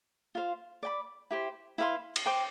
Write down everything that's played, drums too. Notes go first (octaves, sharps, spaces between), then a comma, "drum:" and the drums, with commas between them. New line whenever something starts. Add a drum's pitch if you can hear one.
F4 C5 F5
D5 G5 B5 D6
E4 G4 C5
E4 B4 F5 C6
drum: cymbal
C5 G5 D6